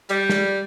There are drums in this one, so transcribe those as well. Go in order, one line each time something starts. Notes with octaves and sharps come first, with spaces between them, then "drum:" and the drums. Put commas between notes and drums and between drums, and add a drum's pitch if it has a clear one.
G3, drum: hi-hat
drum: snare